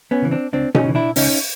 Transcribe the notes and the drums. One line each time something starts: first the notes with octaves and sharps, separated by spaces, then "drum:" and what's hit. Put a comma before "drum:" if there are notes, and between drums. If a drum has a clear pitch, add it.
B3 C#4
C#3 E3
C4 D4
C#2 C4 D4
C#4 D#4, drum: tom B2
C#3 E3
D4 E4
C#2 C#4 D#4, drum: open hi-hat